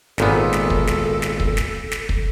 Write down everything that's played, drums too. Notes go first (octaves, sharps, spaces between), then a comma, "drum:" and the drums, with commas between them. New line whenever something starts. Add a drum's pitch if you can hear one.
G#1 A#2 B3 A4, drum: snare
drum: snare
drum: kick
drum: snare
drum: snare
drum: kick
drum: snare
drum: snare
drum: kick